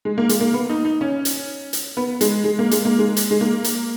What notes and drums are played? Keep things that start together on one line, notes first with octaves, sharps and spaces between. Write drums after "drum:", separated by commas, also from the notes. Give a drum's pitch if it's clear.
G#3
A#3
G#3, drum: hi-hat
A#3
B3
D#4
D#4
C#4
drum: hi-hat
drum: hi-hat
B3
G#3, drum: hi-hat
G#3
A#3
G#3, drum: hi-hat
A#3
G#3
drum: hi-hat
G#3
A#3
drum: hi-hat